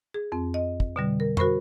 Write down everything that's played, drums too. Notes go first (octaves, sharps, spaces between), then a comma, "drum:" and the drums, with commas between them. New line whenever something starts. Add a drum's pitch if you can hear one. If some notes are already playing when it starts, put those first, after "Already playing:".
G#4
F2 C4
D#5
drum: kick
B2 D3 G3
A#4
F#4 A#4 C5 B5 C#6, drum: tom